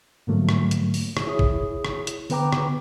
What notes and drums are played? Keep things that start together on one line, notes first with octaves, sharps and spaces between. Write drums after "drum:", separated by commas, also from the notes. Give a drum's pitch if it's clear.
G#2 D3 F3 F#3 A3 A#3
drum: rim click
drum: hi-hat
drum: open hi-hat
drum: rim click
E4 G#4 C#5 D#6
drum: kick
drum: rim click
drum: hi-hat
D3 B3 B4 G5 A#5 D6, drum: open hi-hat
drum: rim click